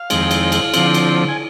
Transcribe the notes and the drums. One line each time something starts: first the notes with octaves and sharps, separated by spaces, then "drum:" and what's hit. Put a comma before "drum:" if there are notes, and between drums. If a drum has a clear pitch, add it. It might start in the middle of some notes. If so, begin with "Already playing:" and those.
Already playing: F5
F2 D#3 G#3 C4, drum: cymbal
drum: cymbal
drum: cymbal
D3 F3 C4, drum: cymbal
drum: cymbal
G#5